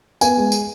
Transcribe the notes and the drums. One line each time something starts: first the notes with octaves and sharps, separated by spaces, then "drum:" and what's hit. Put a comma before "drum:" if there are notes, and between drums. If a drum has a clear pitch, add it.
B3 G#5, drum: tambourine
G#3
drum: tambourine